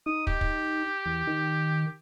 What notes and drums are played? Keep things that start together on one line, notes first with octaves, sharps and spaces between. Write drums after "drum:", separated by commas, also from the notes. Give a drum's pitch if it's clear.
D#4 D#6
G4, drum: kick
drum: kick
E2
D#3